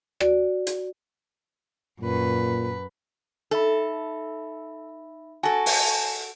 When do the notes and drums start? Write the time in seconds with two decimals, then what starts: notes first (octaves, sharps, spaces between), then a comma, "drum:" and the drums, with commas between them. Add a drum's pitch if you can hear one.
0.20 F#4 D5, drum: rim click
0.67 drum: hi-hat
2.01 F#2 A#2 B4
3.51 D#4 A4 E5 B5
5.43 F#4 A4 G#5 A5 A#6
5.66 drum: open hi-hat